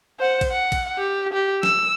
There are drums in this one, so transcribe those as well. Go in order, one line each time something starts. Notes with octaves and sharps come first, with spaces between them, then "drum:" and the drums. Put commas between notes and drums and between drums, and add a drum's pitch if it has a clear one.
C5 F#5
drum: kick A#1, cymbal
F#5
drum: kick A#1, cymbal
G4
G4
E6, drum: snare